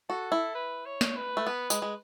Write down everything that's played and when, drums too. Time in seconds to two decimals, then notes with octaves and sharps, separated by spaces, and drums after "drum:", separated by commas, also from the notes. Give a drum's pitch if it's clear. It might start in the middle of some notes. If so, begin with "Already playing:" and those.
0.09 F#4 A4
0.32 E4
0.55 B4
0.86 C#5
1.01 drum: snare
1.16 B4
1.37 A3
1.47 B3 B4
1.70 G#3, drum: tambourine
1.82 G#3